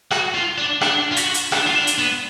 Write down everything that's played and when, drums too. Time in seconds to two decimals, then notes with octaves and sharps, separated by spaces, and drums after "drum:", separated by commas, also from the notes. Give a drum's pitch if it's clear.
0.11 F#4, drum: rim click
0.34 F4
0.58 D4
0.81 D4, drum: rim click
1.12 F4
1.17 F#4, drum: hi-hat
1.34 drum: hi-hat
1.52 D4, drum: rim click
1.66 F4
1.75 D4
1.87 drum: hi-hat
1.98 B3